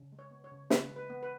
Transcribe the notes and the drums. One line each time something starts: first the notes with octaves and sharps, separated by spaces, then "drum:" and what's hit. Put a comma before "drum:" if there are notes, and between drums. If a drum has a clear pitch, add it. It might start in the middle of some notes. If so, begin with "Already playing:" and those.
Already playing: C#3
G#3
C#5
B3
C#5
C#3
C#3 B4, drum: snare
G#3
B4
B3
B4